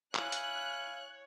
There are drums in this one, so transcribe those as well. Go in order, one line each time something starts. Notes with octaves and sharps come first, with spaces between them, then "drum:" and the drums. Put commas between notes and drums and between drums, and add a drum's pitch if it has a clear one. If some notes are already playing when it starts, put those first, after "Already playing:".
E4 C#5 F5 G#5 F#6, drum: clap
drum: hi-hat